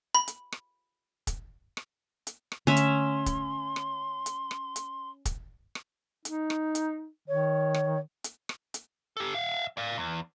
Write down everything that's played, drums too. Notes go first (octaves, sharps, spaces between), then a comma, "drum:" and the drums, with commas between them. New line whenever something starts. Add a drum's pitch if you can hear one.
B5
drum: hi-hat
drum: rim click
drum: kick, hi-hat
drum: rim click
drum: hi-hat
drum: rim click
D3 A3 C#4 E5 C6
drum: hi-hat
drum: kick, hi-hat
drum: rim click
drum: hi-hat
drum: rim click
drum: hi-hat
drum: kick, hi-hat
drum: rim click
D#4, drum: hi-hat
drum: rim click
drum: hi-hat
D#3 C#5
drum: rim click
drum: hi-hat
drum: rim click
drum: hi-hat
G4 A4
E5 F5
D5 F5
E2